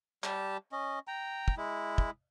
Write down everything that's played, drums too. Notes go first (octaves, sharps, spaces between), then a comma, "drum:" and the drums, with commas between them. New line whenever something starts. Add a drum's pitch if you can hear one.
G3 G4 A5, drum: clap
C#4 D#5
G5 A#5
drum: kick
G#3 E4
drum: kick